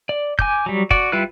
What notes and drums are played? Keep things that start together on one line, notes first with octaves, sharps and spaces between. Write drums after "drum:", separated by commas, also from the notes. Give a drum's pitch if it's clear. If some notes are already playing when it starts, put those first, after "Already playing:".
D5
G#5 D6 G6, drum: kick
F#3 G3
F#4 D5, drum: kick
G3 E4 F4 B4 F#6